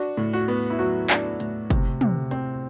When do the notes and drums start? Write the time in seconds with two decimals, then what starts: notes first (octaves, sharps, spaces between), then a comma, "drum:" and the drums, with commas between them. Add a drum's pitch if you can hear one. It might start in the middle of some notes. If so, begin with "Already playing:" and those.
Already playing: D4 F#4
0.17 A2
0.33 F#4
0.48 B3
0.70 E4
0.79 F#3 F#4
1.10 D4, drum: clap
1.40 A2, drum: hi-hat
1.70 C3, drum: kick F#1, hi-hat
2.01 C3, drum: tom
2.31 C4, drum: hi-hat